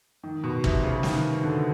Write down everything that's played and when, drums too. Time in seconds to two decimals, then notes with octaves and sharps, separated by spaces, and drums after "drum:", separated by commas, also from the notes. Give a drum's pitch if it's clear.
0.24 D#3
0.44 B2
0.64 C3, drum: kick
0.83 C#3
1.03 D#3, drum: snare
1.44 D3